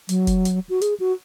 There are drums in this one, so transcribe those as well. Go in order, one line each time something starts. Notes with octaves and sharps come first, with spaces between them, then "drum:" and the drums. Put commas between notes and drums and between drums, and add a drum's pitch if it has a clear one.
F#3, drum: hi-hat
drum: kick F1, hi-hat
drum: hi-hat
F#4
G#4, drum: hi-hat
F#4